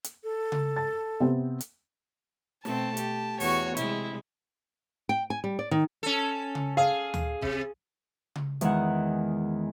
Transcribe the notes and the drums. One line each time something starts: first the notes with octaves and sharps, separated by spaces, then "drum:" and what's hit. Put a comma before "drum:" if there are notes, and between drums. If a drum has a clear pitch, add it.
drum: hi-hat
A4
drum: tom C#3
A5 A6
C3 B3 C4
drum: hi-hat
B2 A3 C4 A5, drum: snare
G4, drum: hi-hat
E2 F#4 C#5, drum: open hi-hat
C3 G#3 E4, drum: hi-hat
G5
G#5
G3
D5
D#3
C#4 A4
drum: tom C#3
G#4 F5
drum: tom D2
C3, drum: kick
drum: tom C#3
E2 D#3 G#3 E4 F#5, drum: hi-hat